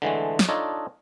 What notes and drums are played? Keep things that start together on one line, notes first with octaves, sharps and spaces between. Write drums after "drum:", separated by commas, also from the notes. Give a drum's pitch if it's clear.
D3 E3 G#3 A3
drum: snare
D4 D#4 F4 A4 C#5 D#5